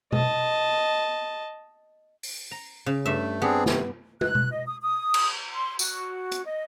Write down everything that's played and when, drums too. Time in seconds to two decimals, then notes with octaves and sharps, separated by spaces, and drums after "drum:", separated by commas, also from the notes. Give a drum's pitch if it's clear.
0.12 D#5 A5, drum: tom B2
2.23 drum: open hi-hat
2.51 A#5
2.86 C#3
3.06 G2 A3 E5
3.42 B3 C4 D4 G4 G#4
3.66 C3 D#3, drum: snare
4.21 F#6, drum: tom
4.35 drum: tom B2
4.50 D#5
4.66 D#6
4.81 D#6
5.14 drum: cymbal
5.53 C6
5.79 F#4, drum: tambourine
6.32 drum: hi-hat
6.44 D#5